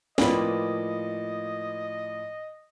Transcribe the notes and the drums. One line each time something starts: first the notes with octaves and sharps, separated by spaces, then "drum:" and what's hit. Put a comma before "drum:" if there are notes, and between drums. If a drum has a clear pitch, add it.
A2 F3 A#3 C4 B4 D5 D#5, drum: snare